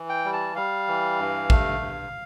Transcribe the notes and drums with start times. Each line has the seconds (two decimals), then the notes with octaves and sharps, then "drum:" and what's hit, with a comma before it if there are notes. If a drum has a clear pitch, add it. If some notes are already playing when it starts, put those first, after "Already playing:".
Already playing: E3
0.09 G5
0.25 G3
0.33 A5
0.56 G3 F5
0.88 E3
1.19 G2
1.50 A3, drum: kick A1
1.81 G2